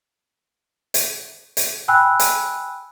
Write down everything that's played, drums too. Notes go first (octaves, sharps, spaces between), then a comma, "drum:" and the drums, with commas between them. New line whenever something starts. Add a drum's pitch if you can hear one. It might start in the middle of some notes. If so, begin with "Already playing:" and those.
drum: hi-hat
drum: hi-hat
G5 G#5 B5 E6 F#6
drum: hi-hat